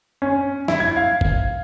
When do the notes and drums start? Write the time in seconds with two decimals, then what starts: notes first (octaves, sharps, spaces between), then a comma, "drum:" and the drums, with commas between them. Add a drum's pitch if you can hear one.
0.22 C#4
0.68 E4, drum: snare
0.80 G#6
0.97 F5
1.21 drum: kick